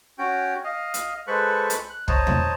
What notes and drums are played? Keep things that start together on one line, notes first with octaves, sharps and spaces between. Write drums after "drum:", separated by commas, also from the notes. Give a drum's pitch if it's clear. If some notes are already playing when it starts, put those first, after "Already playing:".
C#4 F#4 G5
D#5 F5
drum: hi-hat
G#3 A4 B4 C5 C#6 F#6
drum: hi-hat
F#6
C5 C#5 D#5 A5 A#5, drum: kick
drum: tom